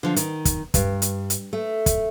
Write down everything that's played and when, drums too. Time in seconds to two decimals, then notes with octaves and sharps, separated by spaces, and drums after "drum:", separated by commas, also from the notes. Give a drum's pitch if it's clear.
0.03 D3 F3
0.16 D#3, drum: hi-hat
0.45 drum: kick, hi-hat
0.74 G2, drum: kick, hi-hat
1.02 drum: hi-hat
1.30 drum: hi-hat
1.53 A3
1.86 drum: kick, hi-hat